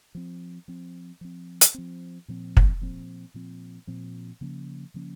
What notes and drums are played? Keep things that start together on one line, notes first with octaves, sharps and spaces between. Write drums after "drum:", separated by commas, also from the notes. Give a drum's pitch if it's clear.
F3 C4
F3 C4
F3 C4
drum: hi-hat
F3 C4
A#2 F3 C4
drum: kick
A#2 F3 C4
A#2 F3 C4
A#2 F3 C4
C#3 F3 A#3 C#4
C#3 F3 A#3 C#4